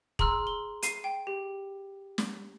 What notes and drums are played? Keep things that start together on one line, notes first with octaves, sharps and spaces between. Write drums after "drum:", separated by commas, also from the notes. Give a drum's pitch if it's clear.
G#4 A#5 C6 E6 F6, drum: kick
G7
C7 D#7, drum: hi-hat
G5
G4
drum: snare